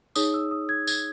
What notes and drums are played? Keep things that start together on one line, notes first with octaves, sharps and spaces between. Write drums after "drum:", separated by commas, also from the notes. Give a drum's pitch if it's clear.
D#4 G#4 C#5 D#6, drum: tambourine
E6
D#6
G#6
G#6, drum: tambourine